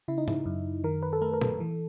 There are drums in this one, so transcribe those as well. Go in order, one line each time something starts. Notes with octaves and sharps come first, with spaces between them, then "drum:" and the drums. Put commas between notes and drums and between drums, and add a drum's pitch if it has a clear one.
C#3 E4
D#4
E4, drum: tom G#2
F#2
D#3 A#4
B4
A4
A3 A#4
A#4
A4, drum: tom A#2
E3